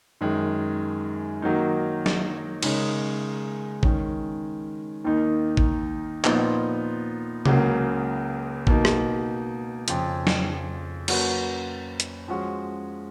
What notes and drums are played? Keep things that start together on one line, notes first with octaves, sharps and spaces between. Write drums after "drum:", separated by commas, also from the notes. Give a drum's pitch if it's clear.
F#2 D#3 G#3
D#3 F#3 A#3 D#4
drum: snare
C#3 G#3 D#4 A#4 C#5, drum: cymbal
D#3 G#3 C#4, drum: kick
D#2 D#3 A#3 D#4
drum: kick
A#2 F3 B3 D#4, drum: clap
C#2 C#3 F#3 A#3, drum: tom C3
B2 A#3 D#4, drum: kick
drum: rim click
F2 C#3 F3, drum: hi-hat
drum: snare
F#3 A#3 C#4 F#4 B4, drum: cymbal
drum: hi-hat
F3 G#3 C#4 F#4